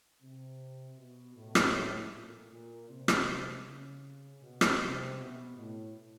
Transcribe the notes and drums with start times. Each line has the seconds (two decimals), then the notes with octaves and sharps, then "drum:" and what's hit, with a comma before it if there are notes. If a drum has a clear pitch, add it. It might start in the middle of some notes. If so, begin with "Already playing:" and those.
0.22 C3
0.97 B2
1.36 A2
1.55 drum: rim click
2.13 A#2
2.51 A#2
2.89 C3
3.08 drum: rim click
3.66 C#3
4.42 B2
4.61 drum: rim click
4.80 C3
5.18 B2
5.56 A2